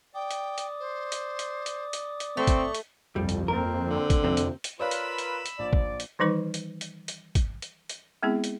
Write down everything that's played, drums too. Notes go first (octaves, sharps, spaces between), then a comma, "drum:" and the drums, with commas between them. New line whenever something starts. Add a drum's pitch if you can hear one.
D5 G5 D6 D#6
drum: hi-hat
drum: hi-hat
C5
drum: hi-hat
drum: hi-hat
drum: hi-hat
drum: hi-hat
drum: hi-hat
A3 C4 C#6
drum: kick G#1, hi-hat
drum: hi-hat
G1 C2 F2 G3
drum: hi-hat
A#3 C4 A#4
D3
drum: kick G#1, hi-hat
F2 C3 C4
drum: hi-hat
drum: hi-hat
F4 A#4 B4 C#5 D5 F5 B5 E6
drum: hi-hat
drum: hi-hat
drum: hi-hat
A#1 D5
drum: kick G#1
drum: hi-hat
D#3 E3 G3 D#4 B4 C#6
drum: hi-hat
drum: hi-hat
drum: hi-hat
drum: kick G#1, hi-hat
drum: hi-hat
drum: hi-hat
G#3 B3 C4 E4 G#4
drum: hi-hat